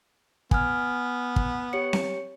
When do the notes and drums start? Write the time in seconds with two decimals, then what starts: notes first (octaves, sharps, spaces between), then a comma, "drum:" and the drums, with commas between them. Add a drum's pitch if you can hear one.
0.51 B3 G#5 F6, drum: kick
1.36 drum: kick
1.73 G4 C#5 C#7
1.93 drum: snare C4